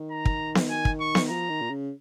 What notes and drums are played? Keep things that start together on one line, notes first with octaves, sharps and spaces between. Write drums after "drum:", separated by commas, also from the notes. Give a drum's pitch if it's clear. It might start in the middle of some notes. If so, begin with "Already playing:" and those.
Already playing: D#3
A#5
drum: kick
drum: snare B3
G#5
drum: kick
C#6
drum: snare B3
F3 A#5
D#3
A#2
C#3